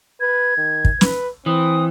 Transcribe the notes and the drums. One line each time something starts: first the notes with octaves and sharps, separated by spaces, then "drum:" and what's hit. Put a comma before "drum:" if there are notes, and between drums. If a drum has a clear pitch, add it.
B4 G#6
D#3
drum: kick
B4, drum: snare
E3 C4 D#6